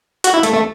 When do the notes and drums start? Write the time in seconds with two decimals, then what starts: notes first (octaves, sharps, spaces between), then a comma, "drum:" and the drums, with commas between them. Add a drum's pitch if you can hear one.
0.24 F#4, drum: hi-hat
0.34 E4
0.43 A3, drum: hi-hat
0.54 A3